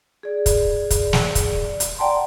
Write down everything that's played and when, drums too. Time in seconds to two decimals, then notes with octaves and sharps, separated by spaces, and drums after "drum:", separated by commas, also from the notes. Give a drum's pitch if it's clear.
0.23 G#4 D5
0.46 drum: kick, hi-hat
0.90 drum: kick, hi-hat
1.13 drum: snare
1.35 drum: kick, hi-hat
1.80 drum: hi-hat
1.98 D5 F#5 G5 A5 A#5 C6